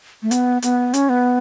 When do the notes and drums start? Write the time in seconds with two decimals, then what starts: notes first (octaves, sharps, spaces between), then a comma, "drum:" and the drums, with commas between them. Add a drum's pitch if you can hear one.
0.22 A3
0.31 B3, drum: hi-hat
0.62 B3, drum: hi-hat
0.94 C#4, drum: hi-hat
1.09 B3